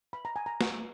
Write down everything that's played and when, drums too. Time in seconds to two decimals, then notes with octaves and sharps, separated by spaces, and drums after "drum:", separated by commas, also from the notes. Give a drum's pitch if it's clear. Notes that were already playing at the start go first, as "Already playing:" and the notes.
0.13 B5
0.25 A#5
0.36 G#5
0.46 A#5
0.61 drum: snare